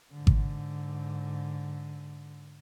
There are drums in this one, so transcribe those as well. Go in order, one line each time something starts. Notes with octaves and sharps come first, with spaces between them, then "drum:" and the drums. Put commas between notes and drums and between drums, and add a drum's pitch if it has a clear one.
G#2 D3
drum: kick G#1